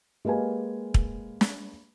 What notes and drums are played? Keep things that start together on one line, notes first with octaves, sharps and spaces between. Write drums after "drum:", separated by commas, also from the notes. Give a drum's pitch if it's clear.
G#3 A#3 G4 B4 F5 G#5
drum: kick
drum: snare